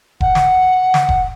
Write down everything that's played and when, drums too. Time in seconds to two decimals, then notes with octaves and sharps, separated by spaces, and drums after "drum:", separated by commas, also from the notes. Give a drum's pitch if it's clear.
0.21 F#5, drum: kick E1
0.35 drum: snare
0.94 drum: snare
1.09 drum: kick E1